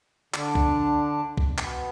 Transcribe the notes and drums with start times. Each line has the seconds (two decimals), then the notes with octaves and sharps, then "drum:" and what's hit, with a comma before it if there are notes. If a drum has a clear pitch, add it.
0.34 D3 D4, drum: clap
0.55 drum: kick C2
1.37 drum: kick C2
1.58 B2 B3, drum: clap